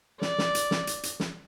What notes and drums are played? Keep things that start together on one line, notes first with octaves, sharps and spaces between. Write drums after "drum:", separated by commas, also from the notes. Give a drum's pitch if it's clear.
D5, drum: snare
drum: snare
drum: hi-hat
drum: snare
drum: hi-hat
drum: hi-hat
drum: snare